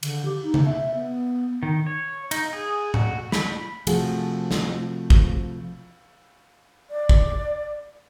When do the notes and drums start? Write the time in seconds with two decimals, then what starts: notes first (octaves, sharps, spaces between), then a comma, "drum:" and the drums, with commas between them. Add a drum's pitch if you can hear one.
0.03 D3, drum: cymbal
0.25 G4
0.43 D#4
0.54 drum: tom C#3
0.65 E5
0.94 B3
1.63 D#3
1.87 C#5
2.31 D#4, drum: cymbal
2.53 G#4
2.94 F#4, drum: tom A2
3.32 B5, drum: snare
3.87 C3 F3 A3 F#4 G#4, drum: cymbal
4.51 drum: snare
5.10 drum: kick
6.91 D5
7.09 drum: kick